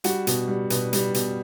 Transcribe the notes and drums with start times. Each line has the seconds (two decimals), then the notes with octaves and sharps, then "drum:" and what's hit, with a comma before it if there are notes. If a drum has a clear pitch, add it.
0.04 G3 F#4, drum: hi-hat
0.27 B2, drum: hi-hat
0.48 G3
0.70 B2 B4, drum: hi-hat
0.93 G3, drum: hi-hat
1.14 B2, drum: hi-hat